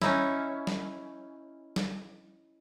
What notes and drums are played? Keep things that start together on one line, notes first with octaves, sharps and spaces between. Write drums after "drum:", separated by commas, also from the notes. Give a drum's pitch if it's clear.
C#4 D#4 E4, drum: snare
drum: snare
drum: snare